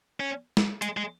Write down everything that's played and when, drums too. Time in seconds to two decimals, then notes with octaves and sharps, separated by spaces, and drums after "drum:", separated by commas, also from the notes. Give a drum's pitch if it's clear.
0.20 C#4
0.57 drum: snare
0.82 G#3, drum: hi-hat
0.97 G#3